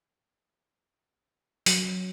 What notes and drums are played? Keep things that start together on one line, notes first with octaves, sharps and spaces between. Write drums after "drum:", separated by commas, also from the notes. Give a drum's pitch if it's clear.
F#3, drum: open hi-hat